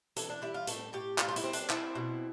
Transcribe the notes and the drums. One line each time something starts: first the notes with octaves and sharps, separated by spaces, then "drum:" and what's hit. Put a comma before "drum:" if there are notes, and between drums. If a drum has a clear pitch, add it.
E3 A4, drum: hi-hat
D4
G3 E4
F4
A2 A4, drum: hi-hat
A2 G4
G3 F4, drum: clap
F4
E4, drum: hi-hat
C4
D4, drum: hi-hat
C4 E4, drum: clap
B2